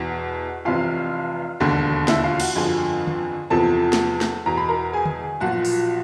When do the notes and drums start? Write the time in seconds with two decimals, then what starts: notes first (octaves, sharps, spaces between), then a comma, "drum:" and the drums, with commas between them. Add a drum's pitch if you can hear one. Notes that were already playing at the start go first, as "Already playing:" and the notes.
Already playing: E2 B2 F#4
0.65 F1 F2 C3 E3 F4 F5
1.60 E1 D#2 D3
2.08 E4 E5, drum: snare
2.24 F4 F5
2.40 F#4 F#5, drum: cymbal
2.55 G1 F2 D3 F3 G#4 G#5
3.07 drum: tom D3
3.50 E2 C3 F3 A4 A5
3.93 drum: snare
4.21 drum: snare
4.46 E2 B2 A#5
4.57 B5
4.69 A#4 A#5
4.93 G#4 G#5
5.06 drum: tom D3
5.40 B1 A#2 F3 F#4 F#5
5.65 drum: open hi-hat